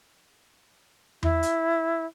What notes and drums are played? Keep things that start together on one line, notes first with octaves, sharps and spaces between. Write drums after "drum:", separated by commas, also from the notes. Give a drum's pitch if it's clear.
E4, drum: tom E2
drum: hi-hat